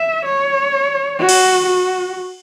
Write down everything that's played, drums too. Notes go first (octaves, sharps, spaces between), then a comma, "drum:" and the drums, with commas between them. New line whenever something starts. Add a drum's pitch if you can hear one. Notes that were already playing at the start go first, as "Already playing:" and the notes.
Already playing: E5
C#5
F#4
drum: cymbal
F#4